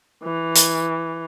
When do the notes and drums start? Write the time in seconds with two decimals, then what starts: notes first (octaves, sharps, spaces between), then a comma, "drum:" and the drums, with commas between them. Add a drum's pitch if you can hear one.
0.24 E3
0.55 drum: hi-hat